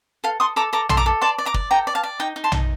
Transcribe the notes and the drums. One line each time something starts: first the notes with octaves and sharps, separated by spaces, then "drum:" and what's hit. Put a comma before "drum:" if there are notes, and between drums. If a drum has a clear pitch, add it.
A4 F5
A4 C6 D#6
A4 A#5 D6
A4 A#5 D6
A4 C6, drum: tom A#1
A#5 D6
A4
D5 A5 C6
D5
A#5 D6
D5, drum: kick
A4 G5 A#5
D5
F5 A5
D5
D#4 G5 A#5
D#4
A5 C6
D#4, drum: tom A#1